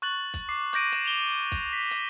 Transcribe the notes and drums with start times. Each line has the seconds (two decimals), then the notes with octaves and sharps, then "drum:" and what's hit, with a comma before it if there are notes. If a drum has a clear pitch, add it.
0.02 C#6 F#6 A6 F#7
0.34 drum: kick, hi-hat
0.49 D6 C7
0.73 D6 G6 A#6 D7 D#7, drum: hi-hat
0.92 E7, drum: hi-hat
1.05 F7 G7
1.52 drum: kick, hi-hat
1.73 B6
1.91 drum: hi-hat